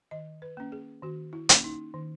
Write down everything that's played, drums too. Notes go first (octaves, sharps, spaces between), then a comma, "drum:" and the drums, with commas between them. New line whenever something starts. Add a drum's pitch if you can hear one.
D#3 D#5
B4
A#3 C#4
G#4
D#3 F#4
E4
A#3 C#4, drum: hi-hat
D#4
D#3